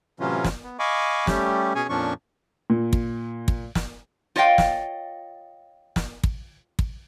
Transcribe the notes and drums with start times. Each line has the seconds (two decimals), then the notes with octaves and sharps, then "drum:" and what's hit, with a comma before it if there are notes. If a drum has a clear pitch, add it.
0.20 A2 C3 E3 F#3 C#4 F4
0.44 drum: snare
0.64 B3
0.79 D#5 F5 G#5 B5 C#6 D6
1.27 G3 A3 C#4 G4, drum: snare
1.75 B2 C#4 G#4 C#5 G#5
1.89 F2 A#2 F3 C#4 D4 C#6
2.70 A#2
2.93 drum: kick
3.48 drum: kick
3.75 drum: snare
4.36 F4 C#5 D#5 F5 G5
4.58 drum: snare
5.96 drum: snare
6.24 drum: kick
6.79 drum: kick